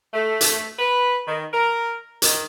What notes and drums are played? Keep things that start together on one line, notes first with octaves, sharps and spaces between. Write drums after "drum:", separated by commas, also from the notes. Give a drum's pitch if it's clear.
A3
drum: hi-hat
B4
D#3
A#4
D#3, drum: hi-hat